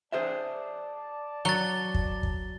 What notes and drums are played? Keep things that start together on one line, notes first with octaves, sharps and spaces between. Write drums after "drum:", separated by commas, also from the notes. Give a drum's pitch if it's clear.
G#4 C5 D5 E5 A5
F#3 A6 G7
drum: kick
drum: kick